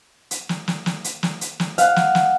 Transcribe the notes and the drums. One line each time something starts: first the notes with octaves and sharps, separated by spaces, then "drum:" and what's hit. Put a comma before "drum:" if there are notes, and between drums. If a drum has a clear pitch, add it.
drum: hi-hat
drum: snare
drum: snare
drum: snare
drum: hi-hat
drum: snare
drum: hi-hat
drum: snare
F5 F#5, drum: hi-hat
drum: snare
drum: snare